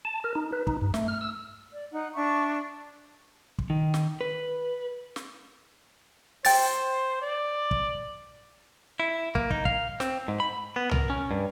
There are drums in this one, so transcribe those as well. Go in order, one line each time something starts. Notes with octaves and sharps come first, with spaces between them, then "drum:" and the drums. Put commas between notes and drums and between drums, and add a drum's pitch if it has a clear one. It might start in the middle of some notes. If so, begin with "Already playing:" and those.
A5
A#4
D#4
B4
D#4, drum: kick
G2
A3, drum: snare
F6
E6
D5
D#4 F#5
D4 E5 C#6
drum: kick
D#3
drum: snare
B4
drum: snare
C5 G5 A6, drum: open hi-hat
D5
drum: kick
E4
A#3, drum: kick
D#4, drum: kick
F5, drum: kick
C4, drum: snare
G#2
B5
B3
A#4, drum: tom C2
C#4
G2